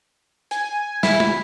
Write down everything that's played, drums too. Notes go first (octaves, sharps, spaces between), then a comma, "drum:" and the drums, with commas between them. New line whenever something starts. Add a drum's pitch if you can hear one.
G#5, drum: hi-hat
E4, drum: snare
drum: tom